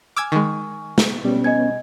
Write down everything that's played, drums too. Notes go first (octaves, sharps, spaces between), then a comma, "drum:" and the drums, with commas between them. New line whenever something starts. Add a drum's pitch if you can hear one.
G#5 D6 E6 F6 G#6
D#3 G#3 C#6
drum: snare
B2 G3 B3 C#4
D#5 G#5 G#6